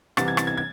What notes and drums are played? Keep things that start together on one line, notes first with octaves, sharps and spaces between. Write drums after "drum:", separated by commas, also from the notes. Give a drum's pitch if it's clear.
C2 C3 E3 A6, drum: rim click
G#6
A6, drum: rim click
G#6
G#6